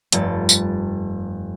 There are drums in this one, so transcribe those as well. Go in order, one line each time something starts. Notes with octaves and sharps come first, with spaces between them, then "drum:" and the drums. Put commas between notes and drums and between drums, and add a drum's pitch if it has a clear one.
F1 G2 A4 A6, drum: hi-hat
drum: tambourine